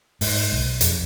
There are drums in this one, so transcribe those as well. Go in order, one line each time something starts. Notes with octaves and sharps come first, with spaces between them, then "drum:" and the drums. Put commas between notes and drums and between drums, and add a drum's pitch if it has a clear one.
G#2, drum: open hi-hat
B1
F2, drum: hi-hat